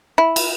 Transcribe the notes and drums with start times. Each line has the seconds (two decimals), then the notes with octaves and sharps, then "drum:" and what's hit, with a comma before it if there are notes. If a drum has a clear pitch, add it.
0.18 E4
0.36 drum: cymbal